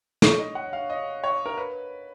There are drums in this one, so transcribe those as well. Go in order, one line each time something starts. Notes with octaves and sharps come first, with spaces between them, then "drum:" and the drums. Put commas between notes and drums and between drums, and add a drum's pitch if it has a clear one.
C#5, drum: snare
D#5
F#5
F5
D#5
C#5
A#4
B4